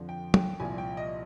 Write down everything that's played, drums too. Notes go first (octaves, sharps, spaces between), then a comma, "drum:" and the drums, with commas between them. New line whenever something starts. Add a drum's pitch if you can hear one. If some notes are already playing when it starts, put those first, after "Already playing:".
Already playing: F2 D3 F3
G5
G5, drum: tom
C2 A#2 F3 G#5
G5
D#5